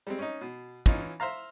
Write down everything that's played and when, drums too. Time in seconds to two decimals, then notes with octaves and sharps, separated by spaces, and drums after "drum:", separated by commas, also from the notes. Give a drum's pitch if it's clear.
0.07 G3 G#3 C4
0.19 C#4 D#4
0.41 B2
0.86 E3 C#4 D#4 F4, drum: kick
1.20 C5 E5 F5 A#5